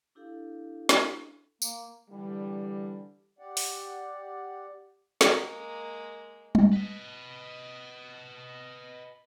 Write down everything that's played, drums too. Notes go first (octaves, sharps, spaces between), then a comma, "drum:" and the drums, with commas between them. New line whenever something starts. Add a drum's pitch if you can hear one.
D4 E4 G4 A4 F5
drum: snare
A#3, drum: tambourine
D3 E3 G3
G4 D5 F#5
drum: open hi-hat
G#3 A#3, drum: snare
drum: tom G3
B4 D#5